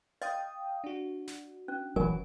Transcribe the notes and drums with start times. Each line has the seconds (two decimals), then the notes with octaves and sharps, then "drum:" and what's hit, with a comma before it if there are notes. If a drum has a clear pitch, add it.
0.22 D#5 F5 G5 D#6, drum: hi-hat
0.84 D4 F#4
1.27 drum: snare
1.68 C#4
1.96 A#1 E3 F#3 A#4 G#5, drum: kick F1